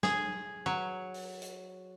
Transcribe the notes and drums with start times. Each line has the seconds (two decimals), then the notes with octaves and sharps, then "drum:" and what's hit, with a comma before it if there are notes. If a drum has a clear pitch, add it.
0.03 G#4, drum: snare
0.66 F#3
1.14 drum: open hi-hat
1.42 drum: hi-hat